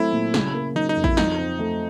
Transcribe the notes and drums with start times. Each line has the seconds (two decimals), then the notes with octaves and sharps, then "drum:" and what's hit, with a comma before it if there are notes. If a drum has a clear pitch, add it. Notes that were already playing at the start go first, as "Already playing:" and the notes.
Already playing: F#3 A3 C4 E4
0.12 A#2
0.34 C#3, drum: snare
0.54 A#3
0.75 F#3 D#4
0.89 D#4
0.97 F2
1.04 E4, drum: kick A1
1.17 F3 D#4, drum: snare
1.38 C4
1.59 A3